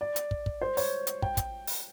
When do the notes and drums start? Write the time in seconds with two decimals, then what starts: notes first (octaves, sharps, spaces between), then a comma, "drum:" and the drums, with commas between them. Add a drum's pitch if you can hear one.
0.01 D5
0.16 drum: hi-hat
0.31 drum: kick
0.46 drum: kick
0.62 C5
0.77 C#5, drum: open hi-hat
1.07 drum: hi-hat
1.22 G5, drum: kick
1.37 drum: kick, hi-hat
1.67 drum: open hi-hat